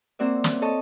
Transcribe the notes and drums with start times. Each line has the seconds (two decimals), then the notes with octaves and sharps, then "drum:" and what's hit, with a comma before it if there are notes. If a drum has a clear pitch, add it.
0.19 A#3 C4 F#4 D5 E5
0.44 drum: snare
0.62 A4 C#5 D#5 A5